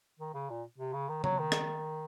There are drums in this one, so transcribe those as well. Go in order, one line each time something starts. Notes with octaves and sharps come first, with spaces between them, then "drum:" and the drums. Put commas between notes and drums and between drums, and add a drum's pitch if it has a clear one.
D#3
C#3
A#2
C3
C#3
D#3
F#3, drum: tom C#3
D#3
drum: rim click